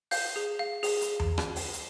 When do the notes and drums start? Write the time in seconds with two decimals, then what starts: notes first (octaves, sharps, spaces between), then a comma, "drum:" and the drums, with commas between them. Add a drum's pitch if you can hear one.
0.11 F5 G6, drum: open hi-hat
0.36 G#4
0.59 F5
0.83 G#4, drum: open hi-hat
1.01 drum: hi-hat
1.20 drum: tom E2
1.38 drum: rim click
1.56 drum: open hi-hat
1.74 drum: hi-hat